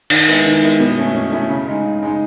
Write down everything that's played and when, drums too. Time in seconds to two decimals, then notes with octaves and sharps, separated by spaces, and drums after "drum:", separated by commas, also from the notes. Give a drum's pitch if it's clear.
0.10 D#3, drum: cymbal
0.28 G#3 B3 E4
0.45 D#3
0.62 G#3 B3 E4
0.80 B2
0.97 A3 C#4 E4
1.15 B2
1.32 A3 C#4 E4
1.50 C#3
1.67 G#3 D#4
1.85 C#3
2.03 G#3 D#4